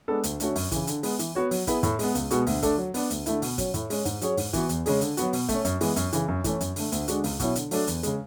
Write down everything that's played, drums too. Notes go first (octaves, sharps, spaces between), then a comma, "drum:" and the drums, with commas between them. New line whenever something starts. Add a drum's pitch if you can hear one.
G#3 B3 D4 A4
D2, drum: hi-hat
D3 A3 C#4 F#4, drum: hi-hat
F#2, drum: open hi-hat
C#3 E3, drum: kick, hi-hat
D3, drum: hi-hat
G#3 B3, drum: open hi-hat
E3, drum: hi-hat
B3 F#4 C#5
F#3, drum: open hi-hat
B3 E4 G#4 B4, drum: kick, hi-hat
A2, drum: hi-hat
G#3 B3, drum: open hi-hat
C#2, drum: hi-hat
B2 G#3 B3 F#4, drum: hi-hat
D2, drum: open hi-hat
D3 A3 D4 A4, drum: kick, hi-hat
F#3
B3 D4, drum: open hi-hat
D2, drum: hi-hat
D3 A3 E4, drum: hi-hat
B2, drum: open hi-hat
F#3 C#4, drum: kick, hi-hat
A2, drum: hi-hat
G#3 C#4, drum: open hi-hat
G#2, drum: hi-hat
F#3 C#4 G#4 C#5, drum: hi-hat
G#2, drum: open hi-hat
E3 B3 F#4, drum: kick, hi-hat
E2, drum: hi-hat
C#3 G#3 C#4 G#4, drum: open hi-hat
D3, drum: hi-hat
F#3 B3 F#4, drum: hi-hat
B2, drum: open hi-hat
A3 C#4, drum: kick, hi-hat
F#2, drum: hi-hat
E3 G#3 B3, drum: open hi-hat
F#2, drum: hi-hat
C#3 E3, drum: hi-hat
F#2
E3 A3 C#4, drum: kick, hi-hat
F#2, drum: hi-hat
D3 A3, drum: open hi-hat
D2, drum: hi-hat
D3 G#3 D4 F#4, drum: hi-hat
C#2, drum: open hi-hat
B2 F#3 C#4 E4, drum: kick, hi-hat
D3, drum: hi-hat
F#3 A3 D4 A4, drum: open hi-hat
E2, drum: hi-hat
C#3 G#3, drum: hi-hat